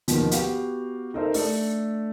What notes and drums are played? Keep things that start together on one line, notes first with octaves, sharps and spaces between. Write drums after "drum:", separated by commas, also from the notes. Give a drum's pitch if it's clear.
D#2 B2 D#3 F3, drum: hi-hat
B3 F#4 G4 F5 G5, drum: hi-hat
D#4 A4 A#4 C5 E5
A3 D4 A4, drum: open hi-hat